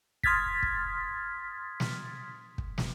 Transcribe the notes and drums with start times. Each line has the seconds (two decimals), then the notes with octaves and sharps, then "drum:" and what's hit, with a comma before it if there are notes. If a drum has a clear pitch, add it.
0.23 C6 D#6 F6 G#6 A6 B6, drum: kick
0.63 drum: kick
1.80 drum: snare
2.58 drum: kick
2.78 drum: snare